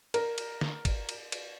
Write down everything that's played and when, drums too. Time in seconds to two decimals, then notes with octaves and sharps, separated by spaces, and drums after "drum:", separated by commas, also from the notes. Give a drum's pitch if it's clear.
0.14 A#4, drum: cymbal
0.38 drum: cymbal
0.61 drum: snare
0.85 drum: kick, cymbal
1.09 drum: cymbal
1.32 drum: cymbal